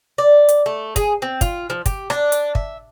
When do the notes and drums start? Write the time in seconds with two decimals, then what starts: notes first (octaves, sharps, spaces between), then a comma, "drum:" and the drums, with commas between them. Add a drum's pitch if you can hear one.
0.18 D5
0.49 drum: hi-hat
0.66 A3
0.96 G#4, drum: kick, hi-hat
1.22 C4
1.41 F4, drum: kick, hi-hat
1.70 F3
1.86 G4, drum: kick, hi-hat
2.10 D4, drum: rim click
2.32 drum: hi-hat
2.55 E5, drum: kick